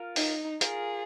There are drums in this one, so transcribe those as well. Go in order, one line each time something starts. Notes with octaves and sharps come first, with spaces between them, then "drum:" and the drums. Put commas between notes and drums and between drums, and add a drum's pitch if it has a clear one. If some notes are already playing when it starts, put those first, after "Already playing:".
Already playing: F4 A#4
D#4, drum: open hi-hat
F4 G#4 A#4, drum: hi-hat